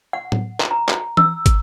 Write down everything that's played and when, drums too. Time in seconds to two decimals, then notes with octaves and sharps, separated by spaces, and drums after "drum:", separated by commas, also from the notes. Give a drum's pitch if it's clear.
0.13 F#5
0.32 drum: tom A2
0.60 drum: clap
0.71 A#5
0.89 drum: clap
1.17 E6, drum: tom E3
1.46 drum: kick, hi-hat